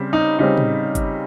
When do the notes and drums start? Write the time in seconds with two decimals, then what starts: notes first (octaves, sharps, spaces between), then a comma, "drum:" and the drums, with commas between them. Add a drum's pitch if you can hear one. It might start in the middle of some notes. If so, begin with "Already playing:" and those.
Already playing: C#3 G3 C4
0.13 D#4
0.39 C#3 G3 C4 D#4
0.57 drum: tom
0.95 drum: kick G1, hi-hat